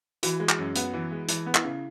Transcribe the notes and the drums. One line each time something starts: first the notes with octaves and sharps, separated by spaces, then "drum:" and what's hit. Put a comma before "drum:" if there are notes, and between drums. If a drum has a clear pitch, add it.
E3 F#4, drum: hi-hat
G#3
drum: clap
F#2
B3, drum: hi-hat
E3
G#3
E3 E4, drum: hi-hat
B3
E4, drum: clap
C#3